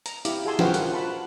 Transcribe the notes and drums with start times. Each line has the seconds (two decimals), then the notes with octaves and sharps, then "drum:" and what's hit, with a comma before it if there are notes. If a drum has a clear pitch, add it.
0.06 A#5, drum: hi-hat
0.25 E4 G4 F5 D6, drum: hi-hat
0.45 F#4 G#4 E5 G#5 A5 C6
0.59 F4 F#4 B4 C5 F5 G5, drum: snare
0.74 A#4 F#5, drum: hi-hat
0.91 F#5 A5 B5